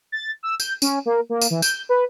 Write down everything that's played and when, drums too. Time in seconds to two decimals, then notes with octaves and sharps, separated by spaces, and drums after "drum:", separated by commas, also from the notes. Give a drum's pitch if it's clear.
0.12 A6
0.43 E6
0.60 G6, drum: tambourine
0.82 C#4, drum: tambourine
1.06 A#3
1.29 A#3
1.42 drum: tambourine
1.51 E3
1.62 G6, drum: tambourine
1.89 B4